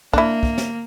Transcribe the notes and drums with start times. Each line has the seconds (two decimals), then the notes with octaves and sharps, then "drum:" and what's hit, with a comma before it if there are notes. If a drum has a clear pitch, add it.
0.13 A#3 D4 E4, drum: kick
0.43 drum: kick
0.58 drum: snare